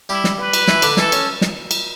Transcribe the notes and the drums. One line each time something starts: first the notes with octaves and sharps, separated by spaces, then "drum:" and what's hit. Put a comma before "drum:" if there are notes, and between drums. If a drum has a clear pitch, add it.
G3 E4 G4
drum: snare
B4
drum: cymbal
E3 E4, drum: snare
D3 D4, drum: cymbal
E3 E4 A4, drum: snare
C#4, drum: cymbal
drum: snare
drum: cymbal